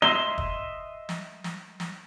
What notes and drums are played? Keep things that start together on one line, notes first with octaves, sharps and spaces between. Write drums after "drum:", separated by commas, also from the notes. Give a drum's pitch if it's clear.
D#5 E5 C6 G7
drum: kick
drum: snare
drum: snare
drum: snare